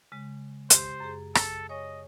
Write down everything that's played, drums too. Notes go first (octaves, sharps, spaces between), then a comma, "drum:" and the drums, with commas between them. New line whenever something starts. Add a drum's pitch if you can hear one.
C#3 G#3
G4 C5, drum: hi-hat
F#2 G#4
A4, drum: rim click
C#5 D#5 G#5 C#6